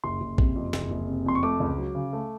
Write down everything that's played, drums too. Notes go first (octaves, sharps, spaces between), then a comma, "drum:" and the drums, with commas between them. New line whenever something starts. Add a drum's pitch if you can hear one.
F#1 C6
F#1
C3, drum: kick A1
F2
F#1, drum: snare
F#1
C3
F2 C6
C#6
A3 D6
C#2
F#3
C#3
A3